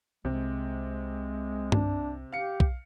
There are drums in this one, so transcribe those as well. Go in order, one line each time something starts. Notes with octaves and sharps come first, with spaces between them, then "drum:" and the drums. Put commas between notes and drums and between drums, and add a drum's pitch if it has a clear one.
C2 C3 G#3
D4, drum: tom G2
G4 F5 C#7
drum: kick B1